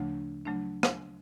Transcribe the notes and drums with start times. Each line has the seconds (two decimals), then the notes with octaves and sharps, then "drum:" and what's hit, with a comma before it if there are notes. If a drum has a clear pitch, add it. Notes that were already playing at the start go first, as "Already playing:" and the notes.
Already playing: D2 C#3 F3 A3 D4
0.46 C#3 F#3 A3 D4
0.83 drum: rim click